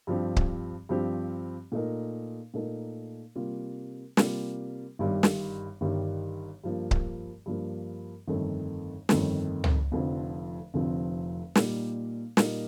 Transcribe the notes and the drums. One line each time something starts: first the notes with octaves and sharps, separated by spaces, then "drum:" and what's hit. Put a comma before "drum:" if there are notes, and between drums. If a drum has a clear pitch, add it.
G2 F3 C4 G4
drum: kick C#1
G2 F3 C4 G4
A#2 A3 D#4 A#4
A#2 A3 D#4 A#4
C3 G3 A#3 F4
C3 G3 A#3 F4, drum: snare
G1 G2 D#3 G3
drum: snare
G1 G2 D#3 G3
G2 F3 A#3
drum: kick C#1
G2 F3 A#3
G1 F2 D#3 A3
G1 F2 D#3 A3, drum: snare
drum: tom C#2
F1 F2 D3 F3 C4
F1 F2 D3 F3 C4
A#2 G3 A#3 D#4 A#4, drum: snare
A#2 G3 A#3 D#4 A#4, drum: snare